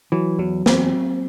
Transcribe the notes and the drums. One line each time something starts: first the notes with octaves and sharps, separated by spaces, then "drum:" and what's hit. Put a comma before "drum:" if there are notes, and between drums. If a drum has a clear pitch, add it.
E3 F#3
E2 F#3
E2 C4, drum: snare